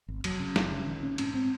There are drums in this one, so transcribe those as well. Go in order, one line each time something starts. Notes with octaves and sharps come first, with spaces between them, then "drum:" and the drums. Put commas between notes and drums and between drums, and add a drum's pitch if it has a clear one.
G#1
F1 F#3, drum: cymbal
C#3
F#1, drum: snare
C#3
A#1 D#3
A#2 C#4
G#2 C#4, drum: cymbal
C4